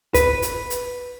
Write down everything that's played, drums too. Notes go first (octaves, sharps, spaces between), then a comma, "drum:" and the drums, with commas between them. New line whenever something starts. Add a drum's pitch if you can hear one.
B4, drum: kick, hi-hat
drum: hi-hat
drum: hi-hat